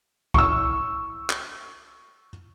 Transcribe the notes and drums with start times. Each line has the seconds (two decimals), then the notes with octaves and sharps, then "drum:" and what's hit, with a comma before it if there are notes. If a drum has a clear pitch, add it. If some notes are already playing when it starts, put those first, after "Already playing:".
0.34 C#6 E6, drum: kick
1.30 drum: clap